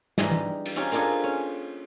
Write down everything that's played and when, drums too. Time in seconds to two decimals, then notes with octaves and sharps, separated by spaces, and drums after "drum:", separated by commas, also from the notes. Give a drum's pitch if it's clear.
0.18 G#2 E3 G3 D4 D#5, drum: snare
0.31 G4, drum: tom E3
0.66 drum: cymbal
0.76 C4 C#4 D#4 F4 G4 G#4
0.92 A#3 C4 D4 F4 G#4 A4
1.24 C#4